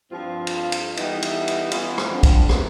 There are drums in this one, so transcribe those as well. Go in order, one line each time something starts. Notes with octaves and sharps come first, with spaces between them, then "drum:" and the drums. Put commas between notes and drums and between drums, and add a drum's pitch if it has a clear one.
G2 F3 C4 F4
drum: cymbal
drum: cymbal
E3 G3 B3 D#4 E4, drum: cymbal
drum: cymbal
drum: cymbal
E3 B3 C#4 E4 F4, drum: cymbal
drum: rim click
D3 F3 C4
drum: kick, cymbal
A2 C3 D#3 A#3 B3 C#4, drum: rim click